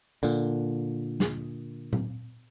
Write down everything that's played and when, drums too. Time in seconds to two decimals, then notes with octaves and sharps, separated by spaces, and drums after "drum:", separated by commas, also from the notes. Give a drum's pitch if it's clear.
0.23 A#2 D3, drum: tambourine
1.20 drum: snare
1.93 drum: tom A#2